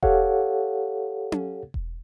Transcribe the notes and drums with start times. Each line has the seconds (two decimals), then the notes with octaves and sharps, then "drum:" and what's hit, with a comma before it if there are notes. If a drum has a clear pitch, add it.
0.03 G4 A4 C#5 F5 F#5, drum: kick E1
1.32 drum: tom C#4
1.74 drum: kick E1